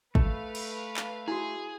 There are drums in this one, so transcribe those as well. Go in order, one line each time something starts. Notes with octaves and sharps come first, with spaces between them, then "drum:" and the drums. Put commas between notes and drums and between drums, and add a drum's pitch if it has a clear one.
A3 B4 F5, drum: kick
drum: cymbal
drum: clap
E4 F#4 G#4